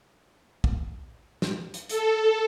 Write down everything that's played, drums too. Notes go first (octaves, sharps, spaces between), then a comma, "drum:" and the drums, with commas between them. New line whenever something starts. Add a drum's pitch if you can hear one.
drum: kick
drum: snare
drum: hi-hat
A4, drum: hi-hat